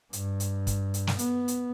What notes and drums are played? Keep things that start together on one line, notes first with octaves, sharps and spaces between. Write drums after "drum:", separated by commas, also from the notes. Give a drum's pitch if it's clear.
G2, drum: hi-hat
drum: hi-hat
drum: kick, hi-hat
drum: hi-hat
drum: snare
B3, drum: hi-hat
drum: hi-hat